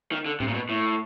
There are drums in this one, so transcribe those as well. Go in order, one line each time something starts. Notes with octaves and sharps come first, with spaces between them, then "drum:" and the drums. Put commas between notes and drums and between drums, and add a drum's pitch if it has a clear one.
D#3
D3
C3, drum: tom A2
A#2
B2
A2